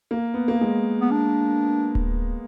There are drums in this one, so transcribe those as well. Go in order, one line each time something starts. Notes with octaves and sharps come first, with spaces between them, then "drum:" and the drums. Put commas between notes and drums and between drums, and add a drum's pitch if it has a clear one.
A#3
B3
A#3
G#3
B3
D4
drum: kick D1